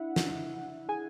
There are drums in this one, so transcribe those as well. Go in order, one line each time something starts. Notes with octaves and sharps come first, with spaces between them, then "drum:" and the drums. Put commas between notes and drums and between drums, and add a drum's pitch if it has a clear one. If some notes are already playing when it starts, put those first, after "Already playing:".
Already playing: D4 E4 E5 F#5
drum: snare
G#4 G#5